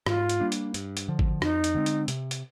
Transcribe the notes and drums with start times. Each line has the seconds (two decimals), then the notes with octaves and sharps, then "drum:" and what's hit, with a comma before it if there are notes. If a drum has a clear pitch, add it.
0.06 G#2 F4, drum: rim click
0.29 drum: hi-hat
0.40 G3 A#3 D4
0.52 drum: hi-hat
0.74 G2, drum: hi-hat
0.97 drum: hi-hat
1.08 D3 F3
1.19 drum: kick G#1
1.42 F2 D#4, drum: rim click
1.64 drum: hi-hat
1.75 D3 G#3 C4
1.86 drum: hi-hat
2.08 C3, drum: hi-hat
2.31 drum: hi-hat